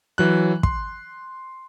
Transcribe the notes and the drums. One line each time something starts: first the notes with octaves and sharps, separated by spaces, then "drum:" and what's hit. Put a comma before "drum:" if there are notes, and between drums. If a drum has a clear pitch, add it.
E3 F#3 F#6
C6, drum: kick